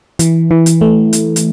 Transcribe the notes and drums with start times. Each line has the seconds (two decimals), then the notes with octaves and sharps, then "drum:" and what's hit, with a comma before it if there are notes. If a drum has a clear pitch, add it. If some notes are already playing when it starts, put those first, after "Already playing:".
0.19 E3, drum: hi-hat
0.51 E3
0.66 drum: hi-hat
0.81 A3
1.13 drum: hi-hat
1.36 drum: hi-hat